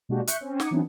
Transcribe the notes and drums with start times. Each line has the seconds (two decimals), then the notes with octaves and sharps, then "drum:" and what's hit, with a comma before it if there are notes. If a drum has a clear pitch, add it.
0.09 B2 G#3 A#3 D4 F#4 G4
0.27 E5 C#6 F#6 G6 C#7, drum: hi-hat
0.41 C4 C#4
0.60 D#4 F#5 D6 D#6 G#6 C#7, drum: snare
0.71 E3 F#3 B3 C4 D4 D#4